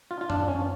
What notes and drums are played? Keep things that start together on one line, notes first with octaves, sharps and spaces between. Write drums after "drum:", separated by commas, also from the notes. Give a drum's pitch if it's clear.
F4
F4
D4, drum: tom F#2
C#4